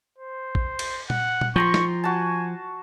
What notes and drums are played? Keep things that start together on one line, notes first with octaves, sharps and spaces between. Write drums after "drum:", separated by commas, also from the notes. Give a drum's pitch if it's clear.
C5
drum: kick
drum: cymbal
F#5, drum: tom A#2
drum: tom A#2
F3 G5 A#5 C6 C#6
drum: snare
F#4 G#5 A5